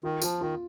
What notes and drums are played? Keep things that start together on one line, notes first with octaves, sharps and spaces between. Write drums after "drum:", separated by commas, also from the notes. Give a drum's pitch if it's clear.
D#3 F4
F3 F4, drum: tambourine
D#3 F4